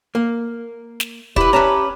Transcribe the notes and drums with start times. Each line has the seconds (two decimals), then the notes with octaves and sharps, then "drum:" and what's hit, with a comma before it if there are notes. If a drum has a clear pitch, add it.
0.15 A#3
1.00 drum: snare
1.36 E4 G4 B4, drum: kick
1.53 C#4 B4 E5 A5 A#5